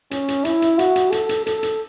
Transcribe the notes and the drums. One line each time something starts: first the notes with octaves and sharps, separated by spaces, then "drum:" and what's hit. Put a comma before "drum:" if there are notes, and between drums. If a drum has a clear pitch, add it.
C#4, drum: hi-hat
drum: hi-hat
E4, drum: hi-hat
drum: hi-hat
F#4, drum: hi-hat
drum: hi-hat
A4, drum: hi-hat
drum: hi-hat
A4, drum: hi-hat
drum: hi-hat